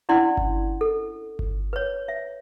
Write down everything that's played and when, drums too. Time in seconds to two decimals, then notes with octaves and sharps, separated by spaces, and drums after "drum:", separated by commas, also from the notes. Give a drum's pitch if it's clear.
0.09 C#4 D4 E4 D5 F#5 C6
0.37 drum: kick G1
0.81 A4
1.39 drum: kick G1
1.73 B4 C#5
2.08 E5